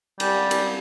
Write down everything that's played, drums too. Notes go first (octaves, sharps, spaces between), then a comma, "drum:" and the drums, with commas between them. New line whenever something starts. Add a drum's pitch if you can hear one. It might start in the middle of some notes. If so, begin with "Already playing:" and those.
G3, drum: cymbal
drum: cymbal